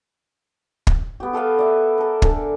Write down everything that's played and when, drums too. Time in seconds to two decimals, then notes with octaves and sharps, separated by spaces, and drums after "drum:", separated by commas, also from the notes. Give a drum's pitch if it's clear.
0.87 drum: kick
1.20 B3 G4
1.33 G4 A4 B4 F5
1.59 D5 E5
1.98 A4 A#4
2.22 D3 G#5, drum: kick